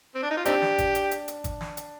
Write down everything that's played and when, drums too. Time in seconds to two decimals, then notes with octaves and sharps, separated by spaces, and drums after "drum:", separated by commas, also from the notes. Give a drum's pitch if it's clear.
0.15 C4
0.23 D4
0.31 D#4
0.37 F4
0.45 C4 D4 D#4 G4, drum: hi-hat
0.62 drum: snare
0.78 drum: kick G#1, hi-hat
0.95 drum: hi-hat
1.11 drum: hi-hat
1.28 drum: hi-hat
1.44 drum: kick G#1, hi-hat
1.61 drum: snare
1.77 drum: hi-hat